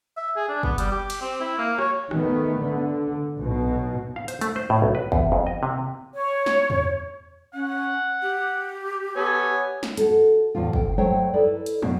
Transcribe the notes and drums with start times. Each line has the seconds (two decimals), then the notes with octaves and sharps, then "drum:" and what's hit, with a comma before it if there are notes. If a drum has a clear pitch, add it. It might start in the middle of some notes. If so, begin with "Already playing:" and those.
0.17 E5
0.36 G#4
0.49 D4
0.63 B3, drum: kick
0.78 G3, drum: hi-hat
0.91 G4
1.10 drum: cymbal
1.21 C4
1.41 E4
1.58 A#3
1.79 C#5, drum: rim click
2.11 D#3 A3 B3, drum: rim click
2.62 D3
3.37 B1 B2
4.16 F5
4.28 C5, drum: hi-hat
4.41 A3, drum: hi-hat
4.56 C5
4.70 A2
4.82 B1
4.95 B4
5.12 E2, drum: kick
5.32 F2
5.47 D#5
5.63 C3
6.15 C#5
6.46 drum: snare
6.70 drum: tom E2
7.54 C#4 F#5
8.22 G4
9.16 B3 A4 C#5 G#5
9.83 drum: snare
9.97 F#4 A4, drum: hi-hat
10.55 E2 A2 F3 F4
10.73 D2 G5, drum: kick
10.98 F#3 A3 C5 C#5 G5
11.33 E4 A4 B4 D5 D#5
11.66 drum: hi-hat
11.82 F#2 B2, drum: tom